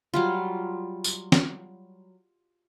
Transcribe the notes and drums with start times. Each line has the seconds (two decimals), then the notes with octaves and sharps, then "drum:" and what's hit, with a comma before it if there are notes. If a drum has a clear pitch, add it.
0.14 F#3 G3 F4
1.04 drum: tambourine
1.32 drum: snare